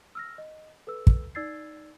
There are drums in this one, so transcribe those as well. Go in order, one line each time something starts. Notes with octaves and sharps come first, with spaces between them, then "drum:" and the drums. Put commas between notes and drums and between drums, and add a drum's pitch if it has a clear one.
E6 F6 A#6
D#5
A4 B4 E6
drum: kick
D#4 D5 E6 G#6 A6 C7